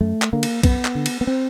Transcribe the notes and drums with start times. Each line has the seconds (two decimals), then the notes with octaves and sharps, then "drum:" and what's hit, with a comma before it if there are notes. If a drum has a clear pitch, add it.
0.01 F#2 A3
0.22 drum: clap
0.33 D3 A#3
0.43 drum: cymbal
0.63 F#2 B3, drum: kick, cymbal
0.85 drum: clap
0.95 D3
1.06 drum: cymbal
1.21 B3
1.27 C4